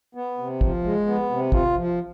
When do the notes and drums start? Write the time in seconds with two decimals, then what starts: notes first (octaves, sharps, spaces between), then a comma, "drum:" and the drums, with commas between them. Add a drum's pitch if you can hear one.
0.15 B3
0.38 C3
0.61 F3, drum: kick
0.84 G#3
1.07 B3
1.30 C3
1.52 F4, drum: kick
1.76 F3